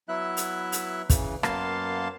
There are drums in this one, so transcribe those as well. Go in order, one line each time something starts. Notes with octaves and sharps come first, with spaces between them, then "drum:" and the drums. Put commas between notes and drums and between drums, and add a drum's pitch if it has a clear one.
F#3 B3 E4 E5 F#6
drum: hi-hat
drum: hi-hat
C#3 E3, drum: kick, hi-hat
F#2 A#3 B3 F5 A5 C6, drum: rim click